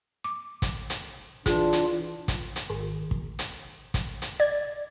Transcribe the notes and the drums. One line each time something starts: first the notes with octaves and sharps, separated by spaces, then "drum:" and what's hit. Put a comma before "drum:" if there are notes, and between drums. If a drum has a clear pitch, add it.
D6
drum: kick, hi-hat
drum: hi-hat
E3 D4 F4 G#4, drum: kick, hi-hat
drum: hi-hat
drum: kick, hi-hat
drum: hi-hat
G#1
drum: kick
drum: hi-hat
drum: kick, hi-hat
drum: hi-hat
D5 G#6